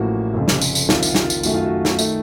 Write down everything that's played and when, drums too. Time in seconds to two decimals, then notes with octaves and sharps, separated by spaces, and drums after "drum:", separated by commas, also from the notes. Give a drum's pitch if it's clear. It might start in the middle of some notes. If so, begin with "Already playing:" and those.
Already playing: A1 A2 F3 A#3 F#4
0.34 F1 F2 C#3
0.48 drum: snare
0.61 drum: tambourine
0.75 drum: tambourine
0.89 C2 C3 D#3 F4, drum: snare
1.03 drum: tambourine
1.15 F4, drum: snare
1.30 drum: tambourine
1.43 F#2 D#3 A3 F#4, drum: tambourine
1.54 F4
1.65 F#4
1.85 drum: snare
1.99 D#3 A3, drum: tambourine